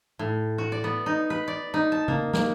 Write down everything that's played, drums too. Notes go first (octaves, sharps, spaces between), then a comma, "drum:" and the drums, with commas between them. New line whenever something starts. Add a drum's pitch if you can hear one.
A2
F#4
D5
B3
D#4
B4
D5
D#4
A5
A#3, drum: tom C#3
A#3, drum: snare